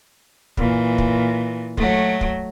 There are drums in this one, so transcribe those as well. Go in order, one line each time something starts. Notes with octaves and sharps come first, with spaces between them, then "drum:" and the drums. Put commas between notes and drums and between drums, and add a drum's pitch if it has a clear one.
A#2 E3, drum: kick
drum: kick
F#3 A3, drum: kick
drum: kick